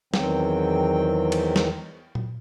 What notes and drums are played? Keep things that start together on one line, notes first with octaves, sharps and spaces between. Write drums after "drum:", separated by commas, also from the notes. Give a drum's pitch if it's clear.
E2 D#3 E3 F#3 C4 G5, drum: snare
drum: cymbal
drum: snare
drum: tom A#2